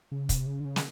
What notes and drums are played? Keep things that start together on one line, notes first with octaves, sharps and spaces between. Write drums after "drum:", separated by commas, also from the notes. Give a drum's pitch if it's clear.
C#3
C3, drum: kick, hi-hat
C#3
D3
C#3
drum: snare